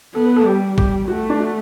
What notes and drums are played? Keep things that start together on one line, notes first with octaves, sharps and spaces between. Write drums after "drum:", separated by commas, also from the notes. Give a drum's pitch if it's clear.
B3 A4
B4
A4
G3 G4
G4, drum: kick
A3 F#4
D4
F#4